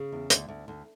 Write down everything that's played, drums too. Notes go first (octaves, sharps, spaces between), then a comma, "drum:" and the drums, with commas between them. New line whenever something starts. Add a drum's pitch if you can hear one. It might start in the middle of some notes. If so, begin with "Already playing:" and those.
Already playing: C#3
E2
D2, drum: hi-hat
D2
D2